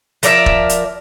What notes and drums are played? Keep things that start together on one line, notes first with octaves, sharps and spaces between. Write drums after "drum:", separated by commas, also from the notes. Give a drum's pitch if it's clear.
F3 A#4 D5 E5, drum: hi-hat
drum: kick
drum: hi-hat